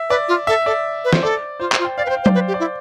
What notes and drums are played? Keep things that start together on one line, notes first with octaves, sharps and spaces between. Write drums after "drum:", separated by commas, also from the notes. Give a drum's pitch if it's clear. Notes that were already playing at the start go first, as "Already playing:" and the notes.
Already playing: E5
B4 D5
F4
A4 E5
A4 D5
B4
C5, drum: snare
A4 D5
F4 C5
C5, drum: clap
F4
G5
D5 F5
B4 C5 G5
F5
C5
D5, drum: tom F#3
B4 C5
G4
D5
E4